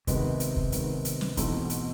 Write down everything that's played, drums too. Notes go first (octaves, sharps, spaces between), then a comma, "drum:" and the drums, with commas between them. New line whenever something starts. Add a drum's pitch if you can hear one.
C3 D#3 G#3 B3, drum: kick, hi-hat
drum: hi-hat
drum: kick
D#3 G#3 B3, drum: hi-hat
drum: hi-hat
drum: snare
G#2 B2 E3 A3 C4, drum: kick, hi-hat
drum: hi-hat